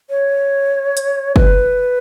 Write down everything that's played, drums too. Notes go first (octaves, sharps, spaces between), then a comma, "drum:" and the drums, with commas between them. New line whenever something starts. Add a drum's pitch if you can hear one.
C#5
drum: hi-hat
B4, drum: kick